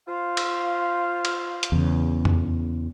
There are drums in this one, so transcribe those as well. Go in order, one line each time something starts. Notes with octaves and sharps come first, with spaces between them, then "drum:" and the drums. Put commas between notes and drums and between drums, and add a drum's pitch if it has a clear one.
F4 C5 F5
drum: cymbal
drum: cymbal
drum: hi-hat
E2 C#3
drum: tom F2